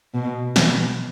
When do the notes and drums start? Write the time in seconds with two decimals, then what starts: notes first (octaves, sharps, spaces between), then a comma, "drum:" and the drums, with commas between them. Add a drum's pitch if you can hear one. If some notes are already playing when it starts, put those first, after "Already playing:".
0.14 B2
0.56 B2, drum: snare